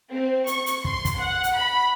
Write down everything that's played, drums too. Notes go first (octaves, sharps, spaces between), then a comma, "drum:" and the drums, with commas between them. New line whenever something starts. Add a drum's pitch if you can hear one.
C4
C#6, drum: hi-hat
drum: hi-hat
C6, drum: kick
drum: kick, hi-hat
F#5
drum: hi-hat
B5